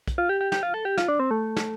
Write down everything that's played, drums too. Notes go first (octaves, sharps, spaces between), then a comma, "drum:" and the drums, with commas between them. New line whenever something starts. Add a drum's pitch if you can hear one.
drum: kick, hi-hat
F4
G4
G4
G4, drum: snare
F4
A4
G4
F4, drum: snare
D4
C4
A3
drum: snare